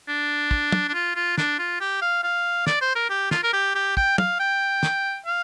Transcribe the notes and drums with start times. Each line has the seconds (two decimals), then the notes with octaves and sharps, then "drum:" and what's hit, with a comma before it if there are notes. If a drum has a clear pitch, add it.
0.08 D4
0.51 drum: kick
0.72 drum: tom
0.88 D4
0.94 F4
1.16 F4
1.38 D4, drum: snare
1.59 F4
1.80 G4
2.02 F5
2.23 F5
2.67 D5, drum: snare
2.81 C5
2.96 A#4
3.10 G4
3.31 F4, drum: snare
3.43 A#4
3.53 G4
3.75 G4
3.97 G5, drum: kick
4.18 F5, drum: tom
4.40 G5
4.83 drum: snare
5.26 F5